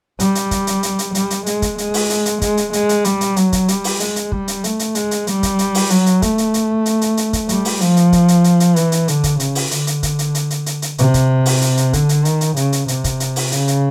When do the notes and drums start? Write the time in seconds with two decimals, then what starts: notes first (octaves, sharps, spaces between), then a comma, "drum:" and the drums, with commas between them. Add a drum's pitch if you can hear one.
0.20 G3, drum: hi-hat
0.35 drum: hi-hat
0.51 drum: kick, hi-hat
0.67 drum: hi-hat
0.83 drum: hi-hat
0.99 drum: hi-hat
1.15 G3, drum: hi-hat
1.30 drum: hi-hat
1.46 G#3, drum: hi-hat
1.62 drum: kick, hi-hat
1.78 G#3, drum: hi-hat
1.94 drum: open hi-hat
2.10 drum: hi-hat
2.26 drum: hi-hat
2.41 G#3, drum: kick, hi-hat
2.57 drum: hi-hat
2.73 G#3, drum: hi-hat
2.89 drum: hi-hat
3.04 G3, drum: hi-hat
3.21 drum: hi-hat
3.36 F#3, drum: hi-hat
3.52 drum: kick, hi-hat
3.68 G3, drum: hi-hat
3.84 drum: open hi-hat
4.00 G#3, drum: hi-hat
4.16 drum: hi-hat
4.32 G3, drum: kick
4.48 drum: hi-hat
4.64 A3, drum: hi-hat
4.79 drum: hi-hat
4.95 G#3, drum: hi-hat
5.11 drum: hi-hat
5.27 G3, drum: hi-hat
5.43 drum: kick, hi-hat
5.59 drum: hi-hat
5.75 drum: open hi-hat
5.90 F#3, drum: hi-hat
6.06 drum: hi-hat
6.22 A3, drum: kick, hi-hat
6.38 drum: hi-hat
6.54 drum: hi-hat
6.86 drum: hi-hat
7.01 drum: hi-hat
7.17 drum: hi-hat
7.33 drum: kick, hi-hat
7.49 G3, drum: hi-hat
7.65 drum: open hi-hat
7.81 F3, drum: hi-hat
7.97 drum: hi-hat
8.12 drum: kick, hi-hat
8.28 drum: hi-hat
8.44 drum: hi-hat
8.60 drum: hi-hat
8.76 E3, drum: hi-hat
8.92 drum: hi-hat
9.08 D3, drum: hi-hat
9.24 drum: kick, hi-hat
9.40 C#3, drum: hi-hat
9.55 drum: open hi-hat
9.71 D3, drum: hi-hat
9.87 drum: hi-hat
10.03 drum: kick, hi-hat
10.19 drum: hi-hat
10.35 drum: hi-hat
10.50 drum: hi-hat
10.66 drum: hi-hat
10.82 drum: hi-hat
10.98 C3, drum: hi-hat
11.14 drum: kick, hi-hat
11.46 drum: open hi-hat
11.61 drum: hi-hat
11.77 drum: hi-hat
11.93 D3, drum: kick, hi-hat
12.09 drum: hi-hat
12.25 D#3, drum: hi-hat
12.41 drum: hi-hat
12.56 C#3, drum: hi-hat
12.72 drum: hi-hat
12.88 C3, drum: hi-hat
13.04 drum: kick, hi-hat
13.20 drum: hi-hat
13.36 drum: open hi-hat
13.52 C#3, drum: hi-hat
13.68 drum: hi-hat